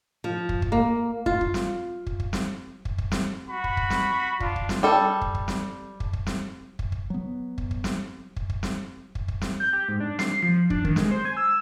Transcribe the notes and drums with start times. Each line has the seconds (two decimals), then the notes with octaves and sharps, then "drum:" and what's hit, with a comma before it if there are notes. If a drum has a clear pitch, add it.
0.24 F3
0.49 drum: kick
0.62 drum: kick
0.72 A#3
1.26 F4, drum: kick
1.41 drum: kick
1.54 drum: snare
2.07 drum: kick
2.20 drum: kick
2.33 drum: snare
2.85 drum: kick
2.98 drum: kick
3.12 drum: snare
3.49 F#4 B5
3.64 drum: kick
3.77 drum: kick
3.90 drum: snare
4.40 D4 F4, drum: kick
4.56 drum: kick
4.69 drum: snare
4.83 G3 A4
5.21 drum: kick
5.35 drum: kick
5.48 drum: snare
6.00 drum: kick
6.13 drum: kick
6.26 drum: snare
6.79 drum: kick
6.92 drum: kick
7.10 F#3 B3
7.58 drum: kick
7.71 drum: kick
7.84 drum: snare
8.36 drum: kick
8.50 drum: kick
8.63 drum: snare
9.15 drum: kick
9.28 drum: kick
9.41 drum: snare
9.60 G6
9.73 G4
9.89 G#2
10.00 D4
10.19 C7, drum: snare
10.43 F3
10.70 D4, drum: kick
10.85 D#3, drum: kick
10.96 G#3, drum: snare
11.11 C5
11.25 G#5
11.37 E6